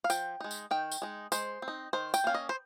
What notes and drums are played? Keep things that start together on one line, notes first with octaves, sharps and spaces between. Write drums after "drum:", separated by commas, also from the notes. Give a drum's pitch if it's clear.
F5
F3 G5, drum: tambourine
G#3 D#4
drum: tambourine
D#3 G5
drum: tambourine
G#3 D#4
G#3 C5, drum: tambourine
C4
D#4
D#3 C5
G5, drum: tambourine
A#3 C#4 F5
D#5
C5